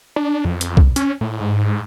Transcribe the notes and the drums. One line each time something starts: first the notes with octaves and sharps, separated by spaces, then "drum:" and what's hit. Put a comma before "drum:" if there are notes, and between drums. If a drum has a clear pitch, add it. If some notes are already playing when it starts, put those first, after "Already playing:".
D4
F2
drum: hi-hat
drum: kick
C#4, drum: hi-hat
A2
G#2
G#2